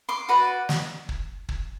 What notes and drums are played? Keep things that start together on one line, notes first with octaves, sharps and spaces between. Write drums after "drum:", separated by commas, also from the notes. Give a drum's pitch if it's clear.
C6 D6
F#4 B4 D5
drum: snare
drum: kick
drum: kick